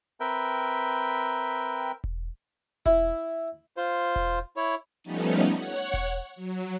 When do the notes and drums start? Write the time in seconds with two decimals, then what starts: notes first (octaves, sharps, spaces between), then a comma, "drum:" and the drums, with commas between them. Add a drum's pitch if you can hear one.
0.20 C4 A#4 B4 E5 G5
2.04 drum: kick E1
2.86 E4, drum: kick E1
3.77 F4 C5
4.16 drum: kick E1
4.57 E4 C#5
5.04 F3 G3 A3 B3 C#4 D#4, drum: hi-hat
5.53 C#5 F#5
5.94 drum: kick E1
6.36 F#3